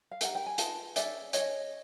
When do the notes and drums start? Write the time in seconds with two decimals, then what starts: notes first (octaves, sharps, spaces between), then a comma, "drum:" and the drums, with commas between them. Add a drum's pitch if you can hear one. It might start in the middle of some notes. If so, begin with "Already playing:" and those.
0.11 F5
0.21 D4 G4 A#4 F#5, drum: hi-hat
0.35 G5
0.46 G#5
0.58 F4 G#4 B4 G5 A5, drum: hi-hat
0.96 C#4 F4 G#4 D5 E5, drum: hi-hat
1.33 C#4 E4 G#4 C#5 D#5, drum: hi-hat